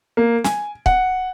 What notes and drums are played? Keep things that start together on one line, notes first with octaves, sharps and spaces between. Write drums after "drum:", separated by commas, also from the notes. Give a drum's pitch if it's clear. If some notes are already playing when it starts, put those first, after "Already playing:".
A#3
G#5, drum: snare
F#5, drum: kick